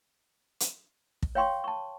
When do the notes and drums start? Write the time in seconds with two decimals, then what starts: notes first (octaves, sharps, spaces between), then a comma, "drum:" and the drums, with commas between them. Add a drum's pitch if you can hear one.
0.60 drum: hi-hat
1.22 drum: kick
1.35 C#5 F5 G5 C6 C#6
1.64 A5 C#6